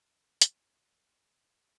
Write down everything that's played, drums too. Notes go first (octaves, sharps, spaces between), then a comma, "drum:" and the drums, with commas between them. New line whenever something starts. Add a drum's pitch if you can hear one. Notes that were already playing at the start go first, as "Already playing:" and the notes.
Already playing: G2
G1
G1 G#3, drum: hi-hat
G2
G1
G2
G2